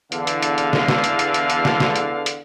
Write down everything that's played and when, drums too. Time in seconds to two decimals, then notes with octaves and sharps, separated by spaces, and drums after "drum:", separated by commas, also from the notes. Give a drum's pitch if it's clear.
0.12 E2 D3 F5, drum: hi-hat
0.27 drum: hi-hat
0.43 drum: hi-hat
0.58 drum: hi-hat
0.73 drum: snare
0.88 drum: snare
1.04 drum: hi-hat
1.19 drum: hi-hat
1.34 drum: hi-hat
1.50 drum: hi-hat
1.65 drum: snare
1.80 drum: snare
1.96 drum: hi-hat
2.26 drum: hi-hat